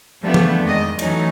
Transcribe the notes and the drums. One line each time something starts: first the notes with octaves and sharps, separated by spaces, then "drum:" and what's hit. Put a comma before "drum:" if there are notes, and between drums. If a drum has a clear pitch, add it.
F3 G3 A3 B3 D4
drum: tom E3
F2 D#3 G#3 D5 D#5
E3 F#3 A3 C#4 D#4, drum: cymbal